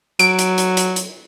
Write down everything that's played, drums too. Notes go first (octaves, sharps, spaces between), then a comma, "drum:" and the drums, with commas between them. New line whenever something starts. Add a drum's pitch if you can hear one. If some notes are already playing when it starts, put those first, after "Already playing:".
F#3 D7, drum: hi-hat
drum: hi-hat
drum: hi-hat
drum: hi-hat
drum: hi-hat